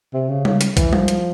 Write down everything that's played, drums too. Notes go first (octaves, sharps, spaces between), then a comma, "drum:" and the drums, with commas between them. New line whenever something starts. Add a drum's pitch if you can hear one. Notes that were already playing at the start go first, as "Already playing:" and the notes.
C3
C#3
C#3, drum: tom G3
drum: hi-hat
E3, drum: kick, hi-hat
F3, drum: tom G3
drum: hi-hat